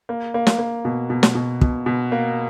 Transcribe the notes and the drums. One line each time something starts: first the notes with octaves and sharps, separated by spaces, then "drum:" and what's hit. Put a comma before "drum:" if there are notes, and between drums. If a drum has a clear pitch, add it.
A#3
A#3
drum: snare
A#3
B2
B2
drum: snare
B2
B2, drum: kick
B2
A#3